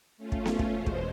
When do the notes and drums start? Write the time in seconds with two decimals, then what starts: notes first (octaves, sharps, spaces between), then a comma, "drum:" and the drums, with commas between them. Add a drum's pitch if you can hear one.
0.17 A3 C#4 F4
0.32 drum: kick
0.46 drum: snare B3
0.59 drum: kick
0.73 E2 B2 G#3 C5
0.86 drum: kick